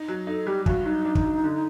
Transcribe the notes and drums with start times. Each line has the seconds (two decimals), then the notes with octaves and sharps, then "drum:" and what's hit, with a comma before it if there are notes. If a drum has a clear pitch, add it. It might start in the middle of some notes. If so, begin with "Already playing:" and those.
Already playing: D#4
0.08 F#3
0.27 D#4 A4
0.47 G3 G4
0.66 G2 F#4, drum: kick
0.86 F#3 D#4
1.05 D4
1.15 drum: kick
1.24 F#3
1.44 D3